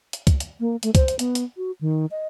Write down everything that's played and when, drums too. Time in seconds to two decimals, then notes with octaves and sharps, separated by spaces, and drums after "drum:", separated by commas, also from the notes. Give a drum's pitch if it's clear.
0.13 drum: hi-hat
0.27 drum: kick, hi-hat
0.40 drum: hi-hat
0.60 A#3
0.83 A3, drum: hi-hat
0.95 C5, drum: kick, hi-hat
1.08 drum: hi-hat
1.19 B3, drum: hi-hat
1.35 drum: hi-hat
1.57 F#4
1.81 D#3
2.11 D#5